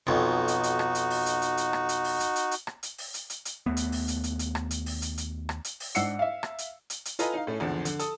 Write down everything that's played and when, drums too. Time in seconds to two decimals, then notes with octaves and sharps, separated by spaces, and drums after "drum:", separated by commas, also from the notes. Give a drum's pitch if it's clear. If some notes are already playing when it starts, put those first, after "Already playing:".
0.07 B1 F2 D#4 F#4
0.48 drum: hi-hat
0.63 drum: hi-hat
0.79 drum: rim click
0.95 drum: hi-hat
1.10 drum: open hi-hat
1.26 drum: hi-hat
1.42 drum: hi-hat
1.57 drum: hi-hat
1.73 drum: rim click
1.89 drum: hi-hat
2.04 drum: open hi-hat
2.20 drum: hi-hat
2.36 drum: hi-hat
2.51 drum: hi-hat
2.67 drum: rim click
2.83 drum: hi-hat
2.98 drum: open hi-hat
3.14 drum: hi-hat
3.30 drum: hi-hat
3.45 drum: hi-hat
3.66 D#2 A3 B3
3.77 drum: hi-hat
3.92 drum: open hi-hat
4.08 drum: hi-hat
4.24 drum: hi-hat
4.39 drum: hi-hat
4.55 drum: rim click
4.71 drum: hi-hat
4.86 drum: open hi-hat
5.02 drum: hi-hat
5.18 drum: hi-hat
5.49 drum: rim click
5.65 drum: hi-hat
5.80 drum: open hi-hat
5.95 G#2 D4 F#5 E6 C7 C#7, drum: hi-hat
6.19 E5 F5
6.43 drum: rim click
6.58 drum: hi-hat
6.90 drum: hi-hat
7.05 drum: hi-hat
7.19 F4 A4 B4 D#5 G#5 A#5, drum: hi-hat
7.34 D#4 F5
7.47 A2 A3 C#4
7.60 G#1 E2 D3 F3
7.85 D3, drum: hi-hat
7.99 A4 D#6, drum: hi-hat